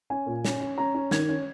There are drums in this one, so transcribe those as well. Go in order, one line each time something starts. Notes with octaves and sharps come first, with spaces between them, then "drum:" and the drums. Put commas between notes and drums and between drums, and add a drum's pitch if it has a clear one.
C#4 G#5
A#2
C#4, drum: snare
C#4
C#4 A#5
C#4
D#3 G#6, drum: snare
C#4